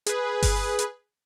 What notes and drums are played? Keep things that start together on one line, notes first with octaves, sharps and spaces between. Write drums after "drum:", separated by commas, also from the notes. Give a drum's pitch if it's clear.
G#4 B4, drum: hi-hat
drum: kick G1, open hi-hat
drum: hi-hat